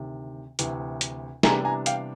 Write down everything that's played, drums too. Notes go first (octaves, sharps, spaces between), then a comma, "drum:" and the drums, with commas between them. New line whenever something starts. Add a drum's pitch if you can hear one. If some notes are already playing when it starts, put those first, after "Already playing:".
Already playing: D2 C3 D#3
D2 C3 E3, drum: hi-hat
drum: hi-hat
C3 E3 G3 B3 D4 G#5 A#5, drum: snare
G#5 A#5
F5 G5, drum: hi-hat